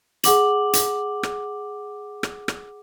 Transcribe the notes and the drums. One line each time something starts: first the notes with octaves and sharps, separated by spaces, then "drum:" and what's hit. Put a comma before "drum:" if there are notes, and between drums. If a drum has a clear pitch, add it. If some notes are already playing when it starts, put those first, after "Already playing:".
G#4 F#5 D6 F#7, drum: hi-hat
drum: hi-hat
drum: rim click
drum: rim click
drum: rim click